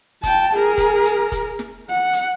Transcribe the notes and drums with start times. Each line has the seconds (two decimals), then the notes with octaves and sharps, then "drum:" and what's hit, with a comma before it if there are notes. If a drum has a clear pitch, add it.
0.23 G5 A5, drum: kick F1, hi-hat
0.55 G#4 A#4
0.78 drum: kick F1, hi-hat
1.05 drum: hi-hat
1.32 drum: kick F1, hi-hat
1.59 drum: snare
1.90 F#5
2.13 drum: hi-hat